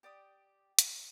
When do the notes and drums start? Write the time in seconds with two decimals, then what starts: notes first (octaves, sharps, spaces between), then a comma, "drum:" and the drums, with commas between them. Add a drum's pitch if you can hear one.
0.03 G4 D5 G5 D#6
0.79 drum: hi-hat